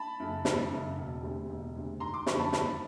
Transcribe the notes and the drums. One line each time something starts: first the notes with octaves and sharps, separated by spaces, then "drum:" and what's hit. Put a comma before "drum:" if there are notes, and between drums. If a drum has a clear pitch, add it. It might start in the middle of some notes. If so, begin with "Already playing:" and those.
Already playing: A5 B5
F#2 C#3
G#1, drum: snare
F#2 C#3
E1
D2 C3
E1
D2 C3
G#1 A#5 C6
C6 D6
F#2 D3 F3 B5 C#6, drum: snare
A5 B5
G#1 A5 B5, drum: snare